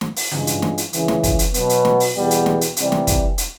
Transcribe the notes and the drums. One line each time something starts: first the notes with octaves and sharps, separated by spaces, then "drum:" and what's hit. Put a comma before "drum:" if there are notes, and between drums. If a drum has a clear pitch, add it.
drum: snare
drum: open hi-hat
G2 E3 G#3 C#4 F4, drum: tom C#3
drum: hi-hat
drum: snare
drum: hi-hat
C#2 C#3 E3, drum: hi-hat
drum: snare
drum: kick, hi-hat
drum: hi-hat
B2 F#3 B3, drum: hi-hat
drum: hi-hat
drum: snare
drum: open hi-hat
E2 B2 G3 B3
drum: hi-hat
drum: snare
drum: hi-hat
C3 E3 G3, drum: hi-hat
drum: snare
drum: kick, hi-hat
drum: hi-hat